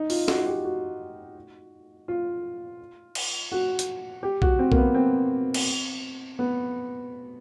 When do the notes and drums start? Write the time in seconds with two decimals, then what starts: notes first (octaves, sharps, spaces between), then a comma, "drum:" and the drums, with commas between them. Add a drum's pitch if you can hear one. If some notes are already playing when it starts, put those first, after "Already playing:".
Already playing: D#4
0.10 F4, drum: open hi-hat
0.28 F#4, drum: snare
0.46 G4
0.64 F#4
2.08 F4
3.15 drum: cymbal
3.52 F#4
3.79 drum: hi-hat
4.23 G4
4.42 F#4, drum: kick B1
4.59 C4
4.72 A#3, drum: kick B1
4.77 B3
4.95 C4
5.54 drum: cymbal
6.39 B3